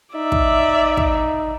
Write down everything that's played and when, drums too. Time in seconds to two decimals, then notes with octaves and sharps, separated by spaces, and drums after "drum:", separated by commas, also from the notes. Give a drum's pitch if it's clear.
0.15 D#4 D5 E5
0.32 drum: kick
0.97 drum: kick